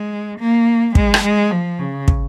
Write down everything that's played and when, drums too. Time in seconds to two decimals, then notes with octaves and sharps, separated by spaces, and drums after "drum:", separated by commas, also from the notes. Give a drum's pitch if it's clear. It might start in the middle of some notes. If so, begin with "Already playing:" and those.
Already playing: G#3
0.39 A#3
0.95 G#3, drum: kick
1.14 drum: rim click
1.23 G#3
1.51 F3
1.79 C#3
2.08 drum: kick